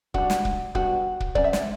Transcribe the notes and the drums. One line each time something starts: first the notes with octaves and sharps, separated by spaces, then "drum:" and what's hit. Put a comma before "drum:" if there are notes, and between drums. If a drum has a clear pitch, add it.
G3 D4 F#4, drum: kick
drum: snare
drum: kick
G3 B3 D4 F#4, drum: kick
drum: kick
F#3 C#4 D5, drum: kick
E5
D5, drum: snare